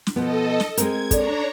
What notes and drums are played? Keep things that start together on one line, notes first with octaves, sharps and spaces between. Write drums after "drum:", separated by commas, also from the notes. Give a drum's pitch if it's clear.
drum: snare
B2 F3 B3 A4 D#5
drum: snare
G#3 C4 A#4 G#6, drum: hi-hat
D4 A4 C#5 D5 A#5, drum: kick, hi-hat